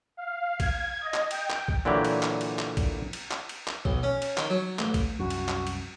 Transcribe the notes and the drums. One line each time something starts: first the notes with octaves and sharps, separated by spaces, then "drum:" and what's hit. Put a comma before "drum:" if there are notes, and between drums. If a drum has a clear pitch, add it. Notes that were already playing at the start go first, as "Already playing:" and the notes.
F5
G#6, drum: kick A#1, cymbal
D#5
drum: clap
G5, drum: cymbal
drum: clap
drum: kick A#1
A#2 D3 E3 F#3 G4
drum: cymbal
drum: clap
drum: cymbal
drum: clap
drum: kick A#1, cymbal
drum: cymbal
drum: clap
drum: cymbal
drum: clap
B1, drum: kick A#1
C#4
drum: cymbal
D#3, drum: clap
F#3
A1, drum: clap
drum: kick A#1, cymbal
C2 F#2 F#4
drum: cymbal
drum: clap
drum: cymbal